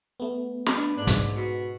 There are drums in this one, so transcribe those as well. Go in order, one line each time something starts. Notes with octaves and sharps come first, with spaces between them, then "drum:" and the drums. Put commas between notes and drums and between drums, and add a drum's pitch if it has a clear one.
A3 B3
D4 B4, drum: snare
G#2 D4
drum: kick, hi-hat
B2 F#4